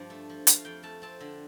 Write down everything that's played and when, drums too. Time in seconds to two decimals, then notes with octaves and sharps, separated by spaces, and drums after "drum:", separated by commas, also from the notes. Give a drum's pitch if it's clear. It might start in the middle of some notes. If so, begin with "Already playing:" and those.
Already playing: G2 F3
0.10 A3
0.29 F3
0.47 A3 F5, drum: hi-hat
0.65 F2 G5
0.83 A3 A5
1.02 C4 A5
1.20 D3